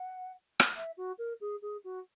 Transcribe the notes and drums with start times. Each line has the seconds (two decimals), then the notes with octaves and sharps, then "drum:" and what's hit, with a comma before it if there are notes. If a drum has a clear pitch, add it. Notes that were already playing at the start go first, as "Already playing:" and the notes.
Already playing: F#5
0.60 drum: rim click
0.76 E5
0.97 F#4
1.18 A#4
1.41 G#4
1.62 G#4
1.84 F#4